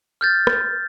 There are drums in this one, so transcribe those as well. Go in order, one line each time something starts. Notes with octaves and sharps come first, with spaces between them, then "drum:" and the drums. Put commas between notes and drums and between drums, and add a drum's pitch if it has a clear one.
F6 G6 A6
drum: rim click